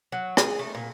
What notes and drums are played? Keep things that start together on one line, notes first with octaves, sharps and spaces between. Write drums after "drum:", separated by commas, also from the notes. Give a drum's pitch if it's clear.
F#3
G#4, drum: rim click
A3
A#2